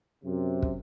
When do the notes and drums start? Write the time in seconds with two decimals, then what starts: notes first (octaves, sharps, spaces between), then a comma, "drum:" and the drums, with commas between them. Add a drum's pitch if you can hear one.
0.24 F#2 C3
0.62 drum: kick